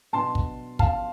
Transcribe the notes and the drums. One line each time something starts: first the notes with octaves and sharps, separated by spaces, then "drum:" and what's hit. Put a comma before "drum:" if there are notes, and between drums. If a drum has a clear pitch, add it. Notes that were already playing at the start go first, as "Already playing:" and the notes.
B2 B3 D4 A5 C6
drum: kick
F5 A5, drum: kick